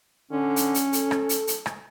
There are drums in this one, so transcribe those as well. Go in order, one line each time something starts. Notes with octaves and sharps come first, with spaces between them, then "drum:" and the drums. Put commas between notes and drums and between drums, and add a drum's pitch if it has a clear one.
D3 C#4
drum: hi-hat
drum: hi-hat
A4, drum: hi-hat
drum: rim click
drum: hi-hat
drum: hi-hat
drum: rim click